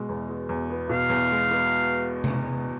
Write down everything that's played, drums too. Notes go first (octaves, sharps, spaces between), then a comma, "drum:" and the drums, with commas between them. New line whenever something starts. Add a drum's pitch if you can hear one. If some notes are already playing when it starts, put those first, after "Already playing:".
Already playing: B2 G#3
E2
G#3
E2
B3
B2 F5
E2
G#3
B3
drum: tom C3